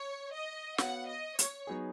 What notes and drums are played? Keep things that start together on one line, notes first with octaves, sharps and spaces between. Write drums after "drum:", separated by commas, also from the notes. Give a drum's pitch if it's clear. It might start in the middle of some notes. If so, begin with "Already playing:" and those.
Already playing: C#5
D#5
B3 F#4 C#5 F5 F#5, drum: snare
D#5
C#5, drum: hi-hat
F#3 B3 D#4 G#4